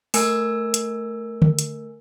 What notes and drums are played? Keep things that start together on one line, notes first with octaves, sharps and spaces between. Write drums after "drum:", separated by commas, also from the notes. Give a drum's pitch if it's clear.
A3 A#4 G#5 E6 C#7, drum: open hi-hat
drum: hi-hat
drum: tom D3
drum: hi-hat